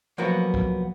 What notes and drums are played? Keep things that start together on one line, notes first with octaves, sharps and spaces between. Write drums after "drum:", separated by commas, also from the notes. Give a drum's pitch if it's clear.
F3 F#3 A#3 B3 F#4
drum: kick